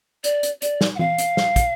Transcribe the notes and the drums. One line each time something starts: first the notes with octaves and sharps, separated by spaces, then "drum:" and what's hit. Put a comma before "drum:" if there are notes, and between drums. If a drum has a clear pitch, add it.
D5, drum: hi-hat
drum: hi-hat
D5, drum: hi-hat
drum: snare
F#5
F5, drum: tom E3
drum: hi-hat
drum: snare
drum: kick, hi-hat